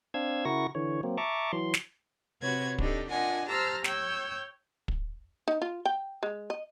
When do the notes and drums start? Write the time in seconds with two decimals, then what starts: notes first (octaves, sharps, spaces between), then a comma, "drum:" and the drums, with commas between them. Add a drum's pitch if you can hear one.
0.14 C4 D4 F5 E6 G#6
0.45 C#3 E4 F#4 A#4 C#6 A#6
0.75 D3 E3 C#5
1.03 F#3 A#3 C4
1.18 E5 A5 A#5 C#6 D6
1.53 E3 F#3 C6
1.74 drum: snare
2.42 C3 F#4 B4 C#5 G#6
2.78 D4 D#4 G4 A4, drum: kick
3.10 D4 F4 A#4 D#5 F#5 G#5
3.46 G4 C5 A5 A#5 E6 F6
3.84 C#5 G5 E6 G6, drum: snare
4.88 drum: kick
5.48 D#4
5.62 F4
5.85 G5
6.23 G#3
6.50 D#5